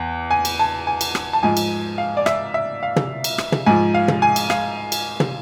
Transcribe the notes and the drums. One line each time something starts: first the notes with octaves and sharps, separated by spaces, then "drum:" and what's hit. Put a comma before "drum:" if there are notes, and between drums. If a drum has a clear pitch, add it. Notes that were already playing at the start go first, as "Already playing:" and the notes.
Already playing: E2
G#5
drum: cymbal
A5
G#5
drum: cymbal
drum: rim click
A5
G#2 F3 G#5
drum: cymbal
F5
D5
E5, drum: rim click
E5
F5
drum: tom
drum: cymbal
drum: rim click
drum: tom
G#2 F3 G#5
F5
drum: tom
G#5
drum: cymbal
F5, drum: rim click
drum: cymbal
drum: tom